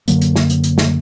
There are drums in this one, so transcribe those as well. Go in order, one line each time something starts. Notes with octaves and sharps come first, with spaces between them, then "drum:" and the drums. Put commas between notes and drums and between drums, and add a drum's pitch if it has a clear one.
F#2 D3 F#3 A#3, drum: hi-hat
drum: hi-hat
drum: snare
drum: hi-hat
drum: hi-hat
drum: snare